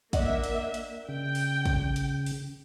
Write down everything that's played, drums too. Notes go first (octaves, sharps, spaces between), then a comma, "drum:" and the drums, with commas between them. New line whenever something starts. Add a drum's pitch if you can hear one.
A#3 D4 D#5 E5 F#5, drum: kick, hi-hat
drum: hi-hat
drum: hi-hat
C#3 G5
drum: open hi-hat
drum: kick, hi-hat
drum: hi-hat
drum: open hi-hat